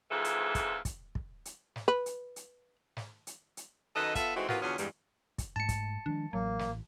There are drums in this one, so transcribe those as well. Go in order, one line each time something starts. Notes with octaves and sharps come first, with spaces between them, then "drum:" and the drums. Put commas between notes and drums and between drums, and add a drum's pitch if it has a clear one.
F2 G#2 E3 F4 G#4 A4
drum: hi-hat
drum: kick, hi-hat
drum: kick, hi-hat
drum: kick
drum: hi-hat
drum: snare
B4
drum: hi-hat
drum: hi-hat
drum: snare
drum: hi-hat
drum: hi-hat
F#2 D#3 A4 B4 D#5
B3 F4 A4 E5, drum: kick, hi-hat
E3 G#3 A3 C4 D#4 F#4
C3 E3 A#3 B3 F4 F#4, drum: snare
E2 D3 B3 C#4 F4 F#4
E2 G2 G#3, drum: hi-hat
drum: kick, hi-hat
G#2 G#3 A3 A5 C#7
drum: kick, hi-hat
D#3 F3 G#3 D4
A1 F#3 A#3
drum: snare